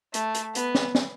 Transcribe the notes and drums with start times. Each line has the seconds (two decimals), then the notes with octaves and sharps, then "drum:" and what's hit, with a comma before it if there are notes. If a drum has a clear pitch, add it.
0.14 A3, drum: hi-hat
0.35 drum: hi-hat
0.55 B3, drum: hi-hat
0.75 drum: snare
0.95 drum: snare